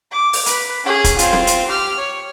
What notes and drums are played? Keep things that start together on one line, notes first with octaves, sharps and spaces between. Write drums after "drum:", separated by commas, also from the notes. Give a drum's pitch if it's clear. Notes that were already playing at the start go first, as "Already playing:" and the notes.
D6
drum: open hi-hat
B4, drum: hi-hat
C#4 G#4
drum: kick, hi-hat
C4 F4, drum: hi-hat
drum: snare C4
drum: hi-hat
G4 F6
C#5